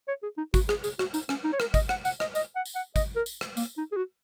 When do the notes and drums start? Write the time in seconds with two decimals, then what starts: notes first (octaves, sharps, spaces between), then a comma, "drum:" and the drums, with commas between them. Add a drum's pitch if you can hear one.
0.08 C#5
0.23 G#4
0.38 D#4
0.54 F#4, drum: kick G#1, tambourine
0.69 G#4, drum: rim click
0.84 G#4, drum: tambourine
0.99 F#4, drum: rim click
1.14 D#4, drum: tambourine
1.29 C#4, drum: rim click
1.44 D#4
1.53 C#5
1.60 A#4, drum: rim click
1.74 D#5, drum: kick G#1, tambourine
1.89 F#5, drum: rim click
2.05 F#5, drum: tambourine
2.20 D#5, drum: rim click
2.35 D#5, drum: tambourine
2.55 F#5
2.65 drum: tambourine
2.75 F#5
2.96 D#5, drum: kick G#1, tambourine
3.16 A#4
3.26 drum: tambourine
3.41 drum: rim click
3.57 A#3, drum: tambourine
3.77 D#4
3.92 G#4
3.96 F#4